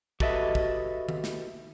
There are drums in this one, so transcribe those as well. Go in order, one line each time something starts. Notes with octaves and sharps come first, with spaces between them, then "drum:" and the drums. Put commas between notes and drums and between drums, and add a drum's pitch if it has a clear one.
F#4 G4 A4 B4 D#5 E5, drum: kick
drum: kick
drum: tom D#3
drum: snare